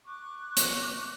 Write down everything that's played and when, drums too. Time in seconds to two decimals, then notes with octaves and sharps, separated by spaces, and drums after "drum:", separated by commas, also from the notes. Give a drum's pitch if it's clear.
0.05 C#6 D6 F#6
0.57 drum: hi-hat